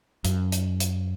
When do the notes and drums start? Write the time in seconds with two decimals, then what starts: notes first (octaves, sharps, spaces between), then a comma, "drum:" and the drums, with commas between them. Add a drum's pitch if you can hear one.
0.25 F#2, drum: hi-hat
0.52 drum: hi-hat
0.80 drum: hi-hat